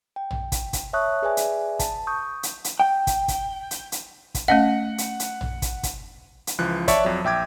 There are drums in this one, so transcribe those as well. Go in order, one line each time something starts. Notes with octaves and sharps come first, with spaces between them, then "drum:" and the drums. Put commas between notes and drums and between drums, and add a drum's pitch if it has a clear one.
G5
drum: tom A#1
drum: kick, hi-hat
drum: kick, hi-hat
C#5 E5 A5 C#6 D#6 F#6
G#4 B4 D5 E5 G#5
drum: hi-hat
A5, drum: kick, hi-hat
C#6 D#6 G6
drum: hi-hat
drum: hi-hat
G5
drum: kick, hi-hat
drum: kick, hi-hat
drum: hi-hat
drum: hi-hat
drum: kick, hi-hat
A3 C#4 D#5 F#5
drum: hi-hat
drum: hi-hat
drum: tom A#1
drum: kick, hi-hat
drum: kick, hi-hat
drum: hi-hat
C#2 E3 F3 F#6
C#5 D5 E5 A5 C#6, drum: kick, hi-hat
F2 F#3
A#1 E5 G5 D6 G#6